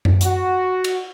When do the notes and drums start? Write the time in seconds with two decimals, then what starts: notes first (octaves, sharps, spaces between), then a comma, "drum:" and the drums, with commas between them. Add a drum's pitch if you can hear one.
0.05 drum: tom F#2
0.21 F#4, drum: hi-hat
0.84 drum: cymbal